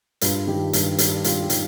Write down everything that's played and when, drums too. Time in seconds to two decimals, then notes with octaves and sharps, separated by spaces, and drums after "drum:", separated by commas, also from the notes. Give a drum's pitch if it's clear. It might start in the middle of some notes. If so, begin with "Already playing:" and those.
0.21 G2 F4, drum: hi-hat
0.47 D#3 G4
0.73 G2, drum: hi-hat
0.98 G3, drum: hi-hat
1.24 G2 F4, drum: hi-hat
1.41 G4
1.50 D#3, drum: hi-hat